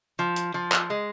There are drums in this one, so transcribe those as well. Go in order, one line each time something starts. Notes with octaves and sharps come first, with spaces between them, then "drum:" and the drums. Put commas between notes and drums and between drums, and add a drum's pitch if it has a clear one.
F3
drum: hi-hat
F3
drum: clap
G#3